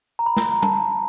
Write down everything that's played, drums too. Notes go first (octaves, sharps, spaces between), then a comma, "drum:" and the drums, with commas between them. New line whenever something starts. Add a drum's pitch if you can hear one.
A#5
B5
drum: snare
A#5
A5, drum: tom G3